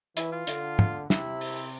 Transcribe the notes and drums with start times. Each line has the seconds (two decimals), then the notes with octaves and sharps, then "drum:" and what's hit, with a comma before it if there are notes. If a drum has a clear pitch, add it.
0.17 E3 E4, drum: hi-hat
0.32 F4
0.47 D3, drum: hi-hat
0.79 drum: tom
1.10 C3 E4, drum: snare
1.41 drum: open hi-hat